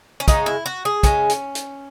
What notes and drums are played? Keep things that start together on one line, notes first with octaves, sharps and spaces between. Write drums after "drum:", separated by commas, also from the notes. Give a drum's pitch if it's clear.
C#4
C#3 G#3 D#4, drum: kick, hi-hat
E4
F#4
G#4
C#3 G#3 C#4, drum: kick, hi-hat
drum: hi-hat
drum: hi-hat